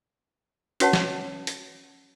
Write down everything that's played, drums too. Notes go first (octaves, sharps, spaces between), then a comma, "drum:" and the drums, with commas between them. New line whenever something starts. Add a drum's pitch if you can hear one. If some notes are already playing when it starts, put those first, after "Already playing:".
C#4 F#4 C#5 F#5 A5, drum: hi-hat
drum: snare
drum: hi-hat